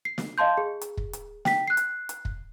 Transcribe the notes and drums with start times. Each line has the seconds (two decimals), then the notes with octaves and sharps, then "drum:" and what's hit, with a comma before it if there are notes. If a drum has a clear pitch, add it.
0.05 C7
0.18 drum: snare
0.38 D#5 F5 A5 C6 G6
0.58 G#4
0.81 drum: hi-hat
0.97 drum: kick
1.13 drum: hi-hat
1.45 G5 B6, drum: snare
1.68 F#6 C7
1.77 drum: hi-hat
2.09 drum: hi-hat
2.25 drum: kick